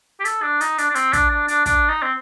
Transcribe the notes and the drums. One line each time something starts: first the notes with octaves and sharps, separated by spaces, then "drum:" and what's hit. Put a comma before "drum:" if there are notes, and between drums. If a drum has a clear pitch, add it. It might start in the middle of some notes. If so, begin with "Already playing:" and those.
G4
A4, drum: hi-hat
D4
D#4, drum: hi-hat
D4, drum: hi-hat
D4
C4, drum: hi-hat
D4, drum: kick, hi-hat
D4
D4, drum: hi-hat
D4, drum: kick, hi-hat
D#4
C4